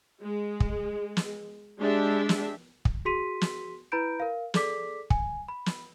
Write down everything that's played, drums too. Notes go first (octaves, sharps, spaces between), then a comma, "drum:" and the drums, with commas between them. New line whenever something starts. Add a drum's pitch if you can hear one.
G#3
drum: kick
drum: snare
G#3 D4 G4 E5
drum: snare
drum: kick
F#4 G#4 C6 B6 D#7
drum: snare
E4 B4 A#5 B5 G6 D7
A#4 F5
G#4 A4 D5 D6 B6, drum: snare
G#5, drum: kick
B5
drum: snare